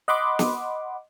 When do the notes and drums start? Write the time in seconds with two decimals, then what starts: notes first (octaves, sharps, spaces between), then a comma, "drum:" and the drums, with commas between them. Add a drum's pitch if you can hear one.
0.08 D#5 F#5 B5 C6 D6
0.39 drum: snare